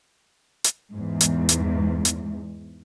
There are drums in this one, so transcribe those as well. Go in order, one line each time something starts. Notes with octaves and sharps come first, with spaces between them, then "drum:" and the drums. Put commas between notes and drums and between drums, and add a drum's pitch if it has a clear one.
drum: hi-hat
E2 G#2
drum: hi-hat
drum: hi-hat
drum: hi-hat